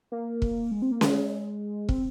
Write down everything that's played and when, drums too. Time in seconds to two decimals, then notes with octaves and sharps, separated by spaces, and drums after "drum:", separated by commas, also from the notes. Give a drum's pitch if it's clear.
0.12 A#3
0.42 drum: kick
0.71 G#3
0.82 C4
0.91 A#3
1.01 G#3, drum: snare C#4
1.89 C4, drum: kick